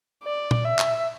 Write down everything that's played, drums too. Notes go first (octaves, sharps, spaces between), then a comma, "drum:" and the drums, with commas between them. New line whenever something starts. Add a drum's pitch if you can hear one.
D5
drum: tom
E5
drum: clap